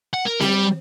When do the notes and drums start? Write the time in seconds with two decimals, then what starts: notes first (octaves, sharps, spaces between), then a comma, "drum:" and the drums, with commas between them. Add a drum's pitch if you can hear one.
0.14 F#5
0.26 A#4
0.40 G3, drum: snare C4